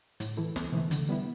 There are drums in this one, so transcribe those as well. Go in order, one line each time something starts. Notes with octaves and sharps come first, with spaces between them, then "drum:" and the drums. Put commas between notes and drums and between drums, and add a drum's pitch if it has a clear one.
A2, drum: hi-hat
E3 A3 E4
C2, drum: snare
C3 E3 A3
D3, drum: hi-hat
G3 B3 E4